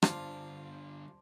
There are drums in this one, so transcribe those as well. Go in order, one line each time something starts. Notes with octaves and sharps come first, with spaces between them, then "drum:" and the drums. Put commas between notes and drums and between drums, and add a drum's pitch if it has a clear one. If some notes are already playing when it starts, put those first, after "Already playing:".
D3 G3 F4 C5 D5 A5, drum: rim click